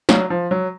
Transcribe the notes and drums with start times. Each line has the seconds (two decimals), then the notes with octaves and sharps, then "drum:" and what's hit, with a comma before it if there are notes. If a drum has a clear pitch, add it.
0.09 F#3, drum: snare
0.30 F3
0.51 F#3